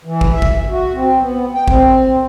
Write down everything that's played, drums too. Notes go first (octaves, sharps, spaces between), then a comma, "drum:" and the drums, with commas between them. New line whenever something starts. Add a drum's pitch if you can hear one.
E3
drum: kick
E5
drum: kick
F#4
C4
B3
G5
C4, drum: kick